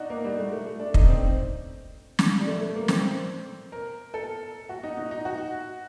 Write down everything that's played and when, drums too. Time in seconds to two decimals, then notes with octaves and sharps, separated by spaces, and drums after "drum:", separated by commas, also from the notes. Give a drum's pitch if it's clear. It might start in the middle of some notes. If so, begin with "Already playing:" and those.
Already playing: D4 D#4 F#4
0.10 A#3
0.24 G3
0.39 A3
0.52 A3
0.66 A3
0.80 D4
0.94 D#4, drum: kick
1.08 C4
2.19 drum: snare
2.39 G3
2.47 A3
2.61 A3
2.75 A#3
2.88 C4, drum: snare
3.72 A#4
4.14 A4
4.69 F#4
4.83 D#4
4.97 D#4
5.11 D#4
5.25 F#4